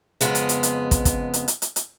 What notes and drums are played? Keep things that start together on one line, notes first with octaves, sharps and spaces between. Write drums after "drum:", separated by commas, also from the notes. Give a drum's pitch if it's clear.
F2 C#3 G#3 B3, drum: hi-hat
drum: hi-hat
drum: hi-hat
drum: hi-hat
drum: kick, hi-hat
drum: kick, hi-hat
drum: hi-hat
drum: hi-hat
drum: hi-hat
drum: hi-hat